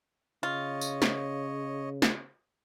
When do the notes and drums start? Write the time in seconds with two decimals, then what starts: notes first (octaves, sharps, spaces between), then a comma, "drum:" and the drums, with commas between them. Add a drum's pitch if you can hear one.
0.43 C#3 F4 C#5 D#5
0.81 drum: tambourine
1.02 drum: snare
2.02 drum: snare